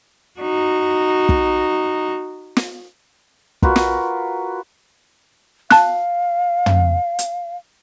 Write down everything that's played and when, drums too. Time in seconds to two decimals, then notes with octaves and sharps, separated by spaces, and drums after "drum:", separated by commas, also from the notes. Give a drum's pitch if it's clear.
0.39 D#4 F#4
1.29 drum: kick
2.57 drum: snare
3.62 F4 F#4 A#4 B4, drum: kick
3.76 drum: snare
5.70 F5 A5 F#6, drum: snare
6.66 drum: tom
7.19 drum: hi-hat